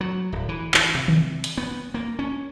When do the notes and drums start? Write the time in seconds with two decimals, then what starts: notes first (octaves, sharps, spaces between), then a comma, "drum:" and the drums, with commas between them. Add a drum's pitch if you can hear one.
0.01 F#3
0.32 D1
0.49 E3
0.74 E3, drum: clap
0.95 C3
1.08 drum: tom D#3
1.44 drum: hi-hat
1.58 B3
1.94 A#3
2.19 C#4